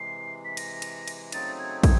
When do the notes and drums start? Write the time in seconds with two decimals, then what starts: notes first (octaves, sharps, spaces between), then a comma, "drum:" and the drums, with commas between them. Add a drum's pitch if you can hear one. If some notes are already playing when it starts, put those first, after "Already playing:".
Already playing: C3 E3 G#3 C7
0.45 B6
0.57 A#6, drum: cymbal
0.82 drum: cymbal
1.08 drum: cymbal
1.32 C#3 F#3 A3 C4 D#4 A6, drum: cymbal
1.59 G#6
1.83 G#6, drum: kick, cymbal